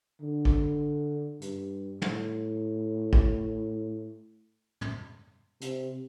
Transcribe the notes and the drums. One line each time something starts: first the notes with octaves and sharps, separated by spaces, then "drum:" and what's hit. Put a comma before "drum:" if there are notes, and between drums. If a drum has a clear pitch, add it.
D3
drum: kick G#1
G2, drum: hi-hat
A2, drum: tom
drum: kick G#1
drum: tom
C3, drum: hi-hat